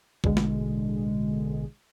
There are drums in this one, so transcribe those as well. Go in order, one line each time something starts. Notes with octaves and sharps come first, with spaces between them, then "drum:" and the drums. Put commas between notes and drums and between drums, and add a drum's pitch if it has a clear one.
A1 B2 D3 G#3, drum: kick
drum: snare